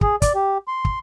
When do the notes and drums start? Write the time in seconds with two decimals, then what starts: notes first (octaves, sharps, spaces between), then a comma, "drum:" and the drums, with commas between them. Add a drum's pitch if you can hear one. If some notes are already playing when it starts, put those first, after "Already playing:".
0.01 G#4, drum: kick
0.22 D5, drum: kick, hi-hat
0.35 G4
0.68 C6
0.85 drum: kick